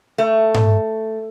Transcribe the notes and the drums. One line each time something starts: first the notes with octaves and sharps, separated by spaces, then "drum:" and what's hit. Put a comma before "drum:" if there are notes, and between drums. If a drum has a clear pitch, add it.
A3
drum: tom G#2